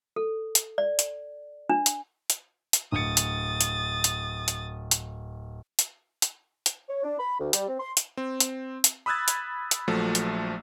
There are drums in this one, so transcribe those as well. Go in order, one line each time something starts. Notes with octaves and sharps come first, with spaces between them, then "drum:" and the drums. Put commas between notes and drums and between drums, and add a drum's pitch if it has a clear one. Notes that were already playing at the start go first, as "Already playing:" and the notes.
A4
drum: hi-hat
D5
drum: hi-hat
D4
drum: hi-hat
drum: hi-hat
drum: hi-hat
D1 D#6 A6 C#7
drum: hi-hat
drum: hi-hat
drum: hi-hat
drum: hi-hat
drum: hi-hat
drum: hi-hat
drum: hi-hat
drum: hi-hat
C#5
D4
B5
D2
G3, drum: hi-hat
C4
C6
drum: hi-hat
C4
drum: hi-hat
drum: hi-hat
B5 D#6 E6 F#6 G#6 A6
drum: hi-hat
drum: hi-hat
A#1 F3 F#3 A3
drum: hi-hat